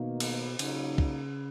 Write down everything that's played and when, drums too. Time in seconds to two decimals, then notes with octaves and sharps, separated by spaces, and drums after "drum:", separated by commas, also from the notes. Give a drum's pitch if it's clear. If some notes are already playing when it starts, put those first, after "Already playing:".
Already playing: B2 D#3 A#3 D#4
0.20 drum: cymbal
0.59 A#2 C#3 F#3 A#3 D#4, drum: cymbal
0.98 drum: kick